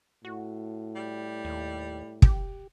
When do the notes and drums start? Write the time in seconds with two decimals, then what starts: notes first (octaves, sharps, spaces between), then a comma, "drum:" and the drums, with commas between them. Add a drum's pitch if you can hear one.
0.25 A2 F#4
0.95 G3
1.45 D#2
2.22 G4, drum: kick